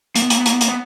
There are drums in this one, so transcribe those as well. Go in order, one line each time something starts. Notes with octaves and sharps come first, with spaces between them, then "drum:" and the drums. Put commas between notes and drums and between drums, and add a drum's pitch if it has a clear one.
A#3, drum: hi-hat
B3
A#3, drum: hi-hat
B3
A#3, drum: hi-hat
B3
A#3, drum: hi-hat
B3